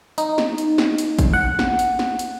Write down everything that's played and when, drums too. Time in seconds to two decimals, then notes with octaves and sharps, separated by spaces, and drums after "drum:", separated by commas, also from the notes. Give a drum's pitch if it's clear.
0.18 D#4, drum: hi-hat
0.38 drum: snare
0.58 drum: hi-hat
0.78 drum: snare
0.98 drum: hi-hat
1.19 drum: kick, hi-hat
1.33 F#5
1.59 drum: snare
1.79 drum: hi-hat
1.99 drum: snare
2.19 drum: hi-hat